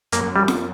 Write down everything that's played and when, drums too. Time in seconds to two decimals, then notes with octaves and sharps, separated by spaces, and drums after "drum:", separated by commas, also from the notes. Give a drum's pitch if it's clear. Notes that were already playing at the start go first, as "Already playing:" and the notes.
0.12 F#2 A#3, drum: hi-hat
0.36 G3
0.48 drum: snare F4